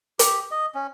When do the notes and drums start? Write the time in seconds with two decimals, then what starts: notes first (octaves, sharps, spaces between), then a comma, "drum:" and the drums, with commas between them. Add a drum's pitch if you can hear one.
0.19 G4, drum: hi-hat
0.51 D#5
0.75 C#4